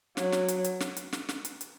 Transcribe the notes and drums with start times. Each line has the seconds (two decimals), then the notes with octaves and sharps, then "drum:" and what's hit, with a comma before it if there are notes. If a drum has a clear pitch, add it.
0.17 F#3, drum: snare
0.32 drum: snare
0.48 drum: hi-hat
0.64 drum: hi-hat
0.80 drum: snare
0.97 drum: hi-hat
1.13 drum: snare
1.29 drum: snare
1.45 drum: hi-hat
1.61 drum: hi-hat